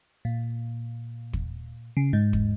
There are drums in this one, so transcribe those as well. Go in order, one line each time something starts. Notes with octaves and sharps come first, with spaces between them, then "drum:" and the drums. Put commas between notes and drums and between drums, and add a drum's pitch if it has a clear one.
A#2
drum: kick
C#3
G#2
drum: kick